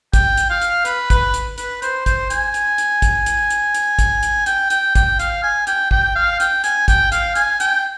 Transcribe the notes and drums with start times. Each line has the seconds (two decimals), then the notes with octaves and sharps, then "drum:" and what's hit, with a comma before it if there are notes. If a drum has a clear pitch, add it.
0.13 G5, drum: kick, hi-hat
0.37 drum: hi-hat
0.50 F5
0.62 drum: hi-hat
0.85 B4, drum: hi-hat
1.10 B4, drum: kick, hi-hat
1.34 drum: hi-hat
1.58 B4, drum: hi-hat
1.82 C5, drum: hi-hat
2.06 C5, drum: kick, hi-hat
2.30 G#5, drum: hi-hat
2.54 drum: hi-hat
2.78 drum: hi-hat
3.02 drum: kick, hi-hat
3.26 drum: hi-hat
3.50 drum: hi-hat
3.75 drum: hi-hat
3.99 drum: kick, hi-hat
4.23 drum: hi-hat
4.46 G5, drum: hi-hat
4.70 G5, drum: hi-hat
4.95 G5, drum: kick, hi-hat
5.19 F5, drum: hi-hat
5.43 G#5
5.67 G5, drum: hi-hat
5.91 G5, drum: kick
6.16 F5
6.40 G5, drum: hi-hat
6.64 G#5, drum: hi-hat
6.88 G5, drum: kick, hi-hat
7.12 F5, drum: hi-hat
7.35 G#5, drum: hi-hat
7.60 G5, drum: hi-hat